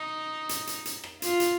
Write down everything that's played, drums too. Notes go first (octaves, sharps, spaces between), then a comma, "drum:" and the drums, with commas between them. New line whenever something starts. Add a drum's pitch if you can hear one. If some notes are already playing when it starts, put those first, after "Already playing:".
Already playing: D#4
drum: hi-hat
drum: hi-hat
drum: hi-hat
drum: rim click
F4, drum: hi-hat
drum: hi-hat